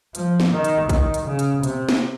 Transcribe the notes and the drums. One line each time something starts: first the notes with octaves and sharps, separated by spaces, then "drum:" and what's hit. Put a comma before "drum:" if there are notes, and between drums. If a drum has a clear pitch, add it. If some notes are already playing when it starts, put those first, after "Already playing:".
F3, drum: hi-hat
drum: snare
D#3
drum: hi-hat
D#3, drum: kick, hi-hat
drum: hi-hat
C#3
drum: hi-hat
C3, drum: hi-hat
drum: snare